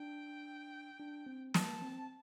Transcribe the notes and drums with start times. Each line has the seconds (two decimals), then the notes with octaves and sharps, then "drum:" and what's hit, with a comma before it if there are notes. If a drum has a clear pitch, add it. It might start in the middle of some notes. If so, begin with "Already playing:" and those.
Already playing: D4 G5
1.00 D4
1.26 C4
1.54 A#3 A5, drum: snare
1.82 C4